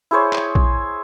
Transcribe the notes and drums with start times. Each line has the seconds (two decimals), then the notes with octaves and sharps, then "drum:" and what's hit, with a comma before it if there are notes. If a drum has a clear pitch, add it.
0.11 E4 G#4 C5 C#5
0.33 drum: clap
0.55 drum: kick A#1